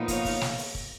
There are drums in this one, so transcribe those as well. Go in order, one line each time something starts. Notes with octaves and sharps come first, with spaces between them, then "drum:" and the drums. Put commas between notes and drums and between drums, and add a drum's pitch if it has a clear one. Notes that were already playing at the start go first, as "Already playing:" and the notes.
Already playing: A#2 F3 B3 D#4
C#5 F5, drum: kick, hi-hat
drum: kick, open hi-hat
drum: snare
drum: open hi-hat
drum: kick